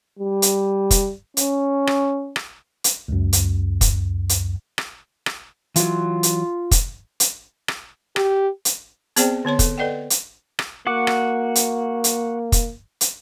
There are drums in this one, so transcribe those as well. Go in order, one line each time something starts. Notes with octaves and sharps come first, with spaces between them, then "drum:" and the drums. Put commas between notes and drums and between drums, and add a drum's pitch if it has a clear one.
G3
drum: hi-hat
drum: kick, hi-hat
C#4, drum: hi-hat
drum: rim click
drum: rim click
drum: hi-hat
C#2 F#2
drum: hi-hat
drum: kick, hi-hat
drum: hi-hat
drum: rim click
drum: rim click
E3 F#3 F4, drum: hi-hat
drum: hi-hat
drum: kick, hi-hat
drum: hi-hat
drum: rim click
G4, drum: rim click
drum: hi-hat
B3 C4 G#4 C5 D5 G5, drum: hi-hat
D3 B3 C#5 C6
A4, drum: kick, hi-hat
A4 B4 D5 D#5 F#5 G5
drum: hi-hat
drum: rim click
A#3 F#4 F#5 D6
drum: rim click
drum: hi-hat
drum: hi-hat
drum: kick, hi-hat
drum: hi-hat